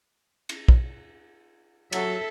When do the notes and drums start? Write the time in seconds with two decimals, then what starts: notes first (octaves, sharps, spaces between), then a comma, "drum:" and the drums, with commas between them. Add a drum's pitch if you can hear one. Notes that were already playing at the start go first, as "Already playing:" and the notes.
0.49 drum: cymbal
0.68 drum: kick
1.92 F#3 A4 E5, drum: cymbal